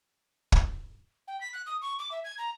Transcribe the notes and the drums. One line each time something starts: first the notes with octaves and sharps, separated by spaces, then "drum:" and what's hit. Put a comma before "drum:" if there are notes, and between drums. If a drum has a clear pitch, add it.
drum: kick
G5
B6
F#6
D#6
C#6
D6
E5
G#6
A#5